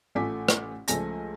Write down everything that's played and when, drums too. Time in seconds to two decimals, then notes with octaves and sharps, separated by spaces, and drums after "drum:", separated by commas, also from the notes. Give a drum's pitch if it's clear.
0.15 A1 A3 F4 G#5 D6 B6
0.49 drum: rim click
0.88 C#2 F3 A3 G#5 A#6, drum: hi-hat